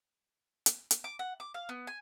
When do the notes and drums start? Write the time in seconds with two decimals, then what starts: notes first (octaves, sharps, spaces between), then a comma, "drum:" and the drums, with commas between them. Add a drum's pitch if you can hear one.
0.66 drum: hi-hat
0.91 drum: hi-hat
1.04 D6
1.19 F#5
1.40 D6
1.54 F5
1.69 B3
1.87 G#5